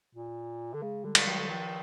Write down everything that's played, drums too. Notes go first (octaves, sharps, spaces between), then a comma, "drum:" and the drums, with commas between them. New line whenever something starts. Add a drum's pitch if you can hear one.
A#2
D3
C#3 G#3
D3 G3
drum: cymbal
D#3 F#3
D3
D#3 F3